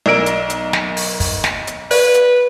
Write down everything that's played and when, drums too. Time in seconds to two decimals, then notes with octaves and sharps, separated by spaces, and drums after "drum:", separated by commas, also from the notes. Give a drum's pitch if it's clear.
0.06 B1 A#4 D5 E6 D7
0.26 drum: hi-hat
0.50 drum: hi-hat
0.73 drum: snare
0.97 drum: open hi-hat
1.20 drum: kick, open hi-hat
1.44 drum: snare
1.67 drum: hi-hat
1.91 B4 D5 F5, drum: open hi-hat
2.14 drum: hi-hat